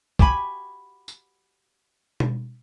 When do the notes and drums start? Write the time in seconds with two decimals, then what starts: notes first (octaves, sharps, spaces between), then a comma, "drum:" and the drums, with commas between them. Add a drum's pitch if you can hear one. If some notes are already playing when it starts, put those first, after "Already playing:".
0.19 F#4 G4 G#5 B5, drum: kick
1.08 drum: tambourine
2.20 drum: tom B2